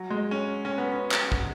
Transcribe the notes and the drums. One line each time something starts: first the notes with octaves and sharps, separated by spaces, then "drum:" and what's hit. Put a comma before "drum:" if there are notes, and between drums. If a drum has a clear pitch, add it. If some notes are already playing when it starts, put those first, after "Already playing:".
Already playing: F#3
G#3
C#4
C#4
B3
C#4
drum: clap
drum: kick